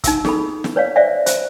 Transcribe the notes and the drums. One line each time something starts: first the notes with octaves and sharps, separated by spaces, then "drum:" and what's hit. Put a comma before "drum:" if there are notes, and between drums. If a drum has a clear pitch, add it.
D#4 E6, drum: kick, hi-hat
G#4 A4 B5, drum: snare
drum: snare
B4 C#5 D5 F5
C5 D5 E5 F5
C5, drum: hi-hat